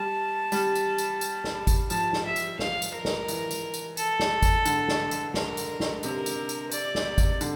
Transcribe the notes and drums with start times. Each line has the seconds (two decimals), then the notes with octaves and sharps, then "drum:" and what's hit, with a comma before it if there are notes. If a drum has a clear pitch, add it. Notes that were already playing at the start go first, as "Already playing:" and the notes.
Already playing: G3 A5
0.52 G3, drum: tambourine
0.75 drum: tambourine
0.98 drum: tambourine
1.21 drum: tambourine
1.44 drum: snare
1.67 drum: kick G#1, tambourine
1.90 F3 A5, drum: tambourine
2.13 drum: snare
2.25 E5
2.36 drum: tambourine
2.59 F5, drum: snare
2.82 drum: tambourine
2.94 A#4
3.05 drum: snare
3.28 E3, drum: tambourine
3.51 drum: tambourine
3.74 drum: tambourine
3.97 A4, drum: tambourine
4.20 drum: snare
4.42 drum: kick G#1, tambourine
4.65 D3, drum: tambourine
4.88 drum: snare
5.11 drum: tambourine
5.34 A#4, drum: snare
5.57 drum: tambourine
5.80 drum: snare
6.03 C3 A#4, drum: tambourine
6.26 drum: tambourine
6.49 drum: tambourine
6.71 D5, drum: tambourine
6.95 drum: snare
7.18 drum: kick G#1, tambourine
7.41 D3, drum: tambourine